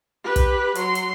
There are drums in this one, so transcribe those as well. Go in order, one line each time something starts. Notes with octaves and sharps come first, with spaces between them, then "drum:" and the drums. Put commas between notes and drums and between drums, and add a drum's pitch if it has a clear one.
G4 B4
drum: kick, hi-hat
F#3 C6, drum: hi-hat
drum: hi-hat